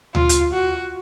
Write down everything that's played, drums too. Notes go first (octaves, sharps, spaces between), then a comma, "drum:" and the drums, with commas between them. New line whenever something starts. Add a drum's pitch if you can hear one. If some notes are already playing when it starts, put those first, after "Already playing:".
F4, drum: tom D2
drum: hi-hat
F#4